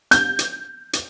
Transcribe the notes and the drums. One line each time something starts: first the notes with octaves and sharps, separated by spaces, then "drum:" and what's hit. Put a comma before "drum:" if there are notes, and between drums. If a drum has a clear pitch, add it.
G6, drum: hi-hat
drum: hi-hat
drum: hi-hat